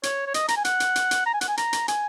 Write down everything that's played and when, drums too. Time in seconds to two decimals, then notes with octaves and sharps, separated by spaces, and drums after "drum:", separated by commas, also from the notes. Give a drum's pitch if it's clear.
0.03 C#5, drum: hi-hat
0.27 C#5
0.34 D#5, drum: hi-hat
0.48 A#5, drum: hi-hat
0.57 G#5
0.65 F#5, drum: hi-hat
0.80 drum: hi-hat
0.96 drum: hi-hat
1.11 drum: hi-hat
1.26 A#5
1.34 G#5
1.41 F#5, drum: hi-hat
1.48 G#5
1.57 A#5, drum: hi-hat
1.73 drum: hi-hat
1.88 G#5, drum: hi-hat